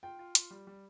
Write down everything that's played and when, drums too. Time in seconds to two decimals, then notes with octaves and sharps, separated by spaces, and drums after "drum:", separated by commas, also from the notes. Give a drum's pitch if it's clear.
0.03 F4 G5
0.19 F4
0.35 F4, drum: hi-hat
0.51 G3
0.67 G3